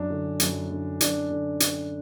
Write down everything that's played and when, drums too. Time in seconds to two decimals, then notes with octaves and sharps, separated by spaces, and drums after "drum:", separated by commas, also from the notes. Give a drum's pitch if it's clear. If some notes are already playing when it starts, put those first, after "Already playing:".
Already playing: F#2 D4
0.10 D3
0.40 F#2, drum: hi-hat
0.71 D3
1.01 F#2 D4, drum: hi-hat
1.31 D3
1.60 drum: hi-hat